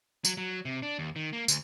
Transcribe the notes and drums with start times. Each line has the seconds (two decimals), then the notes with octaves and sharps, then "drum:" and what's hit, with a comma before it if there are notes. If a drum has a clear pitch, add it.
0.25 F#3, drum: tambourine
0.37 F#3
0.65 C3
0.82 D4
0.99 D#2
1.16 D#3
1.33 A#3
1.48 D2, drum: tambourine